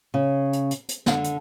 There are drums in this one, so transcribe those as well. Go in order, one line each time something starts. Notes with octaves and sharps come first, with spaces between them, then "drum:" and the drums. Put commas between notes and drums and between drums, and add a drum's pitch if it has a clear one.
C#3
drum: hi-hat
drum: hi-hat
drum: hi-hat
D3, drum: snare
drum: hi-hat